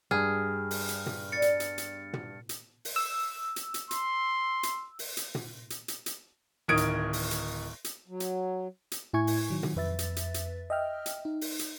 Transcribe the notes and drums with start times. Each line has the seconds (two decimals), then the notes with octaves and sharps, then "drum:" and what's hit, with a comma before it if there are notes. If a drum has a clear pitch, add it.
0.11 G2 G3 G#4 B4 F6
0.71 drum: open hi-hat
0.89 drum: hi-hat
1.06 drum: tom
1.32 B3 D4 D5 A6 C#7
1.42 drum: hi-hat
1.60 drum: hi-hat
1.78 drum: hi-hat
2.13 drum: tom
2.49 drum: hi-hat
2.85 drum: open hi-hat
2.96 E6
3.56 drum: hi-hat
3.74 drum: hi-hat
3.91 C6, drum: hi-hat
4.63 drum: hi-hat
4.99 drum: open hi-hat
5.17 drum: hi-hat
5.35 drum: tom
5.70 drum: hi-hat
5.88 drum: hi-hat
6.06 drum: hi-hat
6.68 D1 D#3 D#6 G#6 D7
6.77 drum: hi-hat
7.13 drum: open hi-hat
7.31 drum: hi-hat
7.84 drum: hi-hat
8.08 F#3
8.20 drum: hi-hat
8.92 drum: hi-hat
9.13 A2 E4 G#5 C#6 G#6
9.27 drum: open hi-hat
9.50 D#3 F#3
9.63 drum: tom
9.76 F2 B4 E5 A6
9.99 drum: hi-hat
10.16 drum: hi-hat
10.34 drum: hi-hat
10.70 D#5 E5 G5 F6
11.06 drum: hi-hat
11.25 D#4
11.41 drum: open hi-hat
11.59 drum: hi-hat